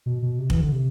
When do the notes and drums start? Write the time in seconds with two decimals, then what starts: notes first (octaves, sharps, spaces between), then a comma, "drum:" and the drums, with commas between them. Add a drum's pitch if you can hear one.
0.06 B2
0.22 B2
0.39 C3
0.50 E3, drum: kick
0.61 D3
0.72 C3